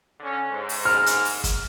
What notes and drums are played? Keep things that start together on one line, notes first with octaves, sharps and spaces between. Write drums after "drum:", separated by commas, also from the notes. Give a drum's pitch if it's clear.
D3 C#4
G#2
drum: open hi-hat
F6
drum: hi-hat
drum: open hi-hat
drum: kick, hi-hat